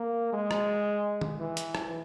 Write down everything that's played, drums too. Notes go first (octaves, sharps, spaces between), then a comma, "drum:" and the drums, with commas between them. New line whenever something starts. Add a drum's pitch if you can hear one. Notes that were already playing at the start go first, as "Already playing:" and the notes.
Already playing: A#3
G#3
drum: rim click
drum: tom
E3
drum: hi-hat
drum: rim click